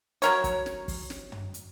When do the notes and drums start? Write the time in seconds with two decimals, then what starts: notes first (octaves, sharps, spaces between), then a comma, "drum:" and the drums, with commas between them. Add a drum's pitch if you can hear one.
0.22 F#3 A#4 C#5, drum: hi-hat
0.44 drum: kick, hi-hat
0.66 drum: snare
0.88 drum: kick, open hi-hat
1.10 drum: snare
1.32 drum: tom
1.54 drum: hi-hat